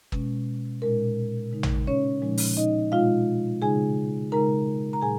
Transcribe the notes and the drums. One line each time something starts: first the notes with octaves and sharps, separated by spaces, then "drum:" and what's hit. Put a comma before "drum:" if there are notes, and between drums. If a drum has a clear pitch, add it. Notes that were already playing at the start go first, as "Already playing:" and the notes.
B2 G#3 C#4, drum: kick
A#2 G#3 D#4 A#4
C#3 G#3 D#4
drum: tom A1
C#4 C#5
A#2 F3 G#3 D#4
drum: open hi-hat
D#4 D#5
B2 G#3 D#4 F4 F5
C#3 G#3 D#4 G#4 G#5
C#3 G#3 D#4 A#4 A#5
A#5
A#2 F#3 G#4 G#5